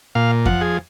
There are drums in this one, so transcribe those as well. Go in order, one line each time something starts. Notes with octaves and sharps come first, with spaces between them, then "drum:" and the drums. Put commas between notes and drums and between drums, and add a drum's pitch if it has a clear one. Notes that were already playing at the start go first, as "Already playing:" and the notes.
A#2 F5
F3 F#5, drum: kick F2
G#4